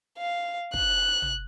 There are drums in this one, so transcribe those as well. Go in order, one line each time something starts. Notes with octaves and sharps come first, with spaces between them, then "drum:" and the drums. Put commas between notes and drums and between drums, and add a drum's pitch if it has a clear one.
F5
F#6, drum: kick
drum: tom